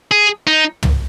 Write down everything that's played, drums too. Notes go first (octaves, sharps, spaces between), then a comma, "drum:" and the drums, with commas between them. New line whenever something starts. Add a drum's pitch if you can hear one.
G#4
D#4
drum: tom